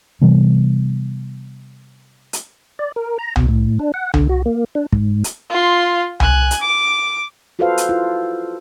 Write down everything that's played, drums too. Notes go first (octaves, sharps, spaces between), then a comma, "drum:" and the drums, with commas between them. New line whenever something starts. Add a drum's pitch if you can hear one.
C3 E3 G3 B3
drum: hi-hat
D5
A#4
A#5
B2, drum: tom C2
A2
D4
F#5
D3, drum: tom C2
F#4
A#3
D4
G#2, drum: kick
drum: hi-hat
F4 C6
G#5 F#6, drum: tom C2
drum: hi-hat
D6
F4 F#4 A4 B4 C5 F5
drum: hi-hat
E4 F4